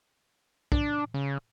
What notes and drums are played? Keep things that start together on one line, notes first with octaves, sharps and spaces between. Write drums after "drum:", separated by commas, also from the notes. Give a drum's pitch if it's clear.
D4, drum: kick
C#3